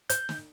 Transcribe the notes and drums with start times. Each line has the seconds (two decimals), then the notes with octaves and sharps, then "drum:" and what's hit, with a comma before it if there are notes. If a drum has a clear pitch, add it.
0.10 G6, drum: hi-hat
0.29 drum: snare